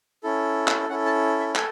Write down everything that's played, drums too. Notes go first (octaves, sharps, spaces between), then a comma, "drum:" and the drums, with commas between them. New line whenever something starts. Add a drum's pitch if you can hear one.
C#4 E4 A4
drum: clap
C#4 E4 A4 F#5
A5
E5
A4 G#5, drum: clap